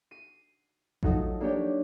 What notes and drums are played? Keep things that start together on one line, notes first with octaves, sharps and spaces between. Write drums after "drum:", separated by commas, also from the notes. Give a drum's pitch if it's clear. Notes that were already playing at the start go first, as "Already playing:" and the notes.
C7 D#7
F3 F#3 A3 D#4 F#4, drum: kick A1
A#3 D4 G4 C#5 G5